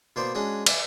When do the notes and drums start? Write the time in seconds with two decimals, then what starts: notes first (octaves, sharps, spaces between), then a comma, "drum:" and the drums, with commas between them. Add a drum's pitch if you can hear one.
0.16 B2 A#3 B3 C5 D5 C6
0.35 G#3 C#4 D4 F#4 G#4
0.66 D5 E5 F5 G#5, drum: cymbal